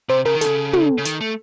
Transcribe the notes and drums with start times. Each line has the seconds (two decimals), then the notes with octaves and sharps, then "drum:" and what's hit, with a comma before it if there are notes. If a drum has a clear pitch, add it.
0.09 C3 C5
0.26 C#3 A#4
0.35 D#3
0.41 C#3 A4, drum: hi-hat
0.73 drum: tom
0.98 C#3
1.05 D#3, drum: hi-hat
1.21 A3